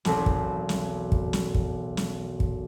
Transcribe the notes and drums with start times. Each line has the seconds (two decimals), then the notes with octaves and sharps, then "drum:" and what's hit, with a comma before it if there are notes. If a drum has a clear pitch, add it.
0.05 E1 B1 C4 B4 C5, drum: snare
0.26 drum: kick
0.69 drum: snare
1.12 drum: kick
1.33 drum: snare
1.54 drum: kick
1.97 drum: snare
2.40 drum: kick